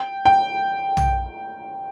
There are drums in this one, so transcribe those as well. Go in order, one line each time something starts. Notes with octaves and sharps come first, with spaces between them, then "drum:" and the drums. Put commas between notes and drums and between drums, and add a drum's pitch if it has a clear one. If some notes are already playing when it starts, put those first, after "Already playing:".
Already playing: G5
G5
drum: tom